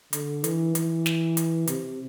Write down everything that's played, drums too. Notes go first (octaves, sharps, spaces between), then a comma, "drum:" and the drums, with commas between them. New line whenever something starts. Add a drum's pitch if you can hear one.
D3, drum: hi-hat
E3, drum: hi-hat
E3, drum: hi-hat
drum: snare
drum: hi-hat
C3, drum: hi-hat